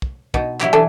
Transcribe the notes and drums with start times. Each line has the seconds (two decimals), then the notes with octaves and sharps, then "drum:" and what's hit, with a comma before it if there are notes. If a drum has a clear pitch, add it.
0.02 drum: kick
0.34 B2 D#4, drum: kick
0.61 F#3 E4 G4, drum: clap
0.73 E3 D4 A4